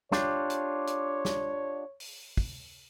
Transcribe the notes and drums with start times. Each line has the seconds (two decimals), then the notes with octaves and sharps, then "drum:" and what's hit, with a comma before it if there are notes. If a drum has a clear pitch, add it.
0.12 D4 F4 G4 C#5, drum: snare
0.50 drum: hi-hat
0.87 drum: hi-hat
1.25 drum: snare
2.00 drum: open hi-hat
2.37 drum: kick, open hi-hat